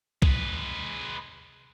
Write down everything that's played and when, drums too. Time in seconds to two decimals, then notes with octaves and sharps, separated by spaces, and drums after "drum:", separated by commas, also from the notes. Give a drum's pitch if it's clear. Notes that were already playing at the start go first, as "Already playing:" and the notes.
0.22 G#3 B4, drum: kick B1